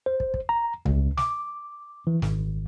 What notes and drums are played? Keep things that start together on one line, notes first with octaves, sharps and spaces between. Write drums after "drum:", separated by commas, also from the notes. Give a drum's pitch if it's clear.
C5
drum: kick
drum: kick
A#5
C#2, drum: tom C2
D6, drum: snare
E3
G#1, drum: snare